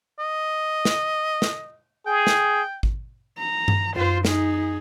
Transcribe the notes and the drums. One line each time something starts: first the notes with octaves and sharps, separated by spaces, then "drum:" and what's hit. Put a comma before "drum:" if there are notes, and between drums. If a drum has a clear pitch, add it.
D#5
drum: snare
drum: snare
G#4 G5
drum: snare
drum: kick G#1
A#5
drum: tom G2
F#2 F4 C5
D#4 G#4, drum: snare